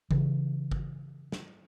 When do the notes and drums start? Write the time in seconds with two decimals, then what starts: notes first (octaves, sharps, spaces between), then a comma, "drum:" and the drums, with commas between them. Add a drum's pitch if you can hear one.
0.11 C#3 E3, drum: kick G1
0.71 drum: kick G1
1.32 drum: snare